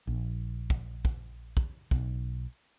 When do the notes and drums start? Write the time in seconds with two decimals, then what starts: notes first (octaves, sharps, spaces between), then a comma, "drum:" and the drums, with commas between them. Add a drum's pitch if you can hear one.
0.07 A#1
0.70 drum: kick
1.05 drum: kick
1.57 drum: kick
1.91 B1, drum: kick